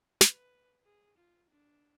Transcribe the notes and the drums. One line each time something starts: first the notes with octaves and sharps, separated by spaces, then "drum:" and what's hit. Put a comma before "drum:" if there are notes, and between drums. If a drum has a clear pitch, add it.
B4, drum: snare
G#4
F4
D4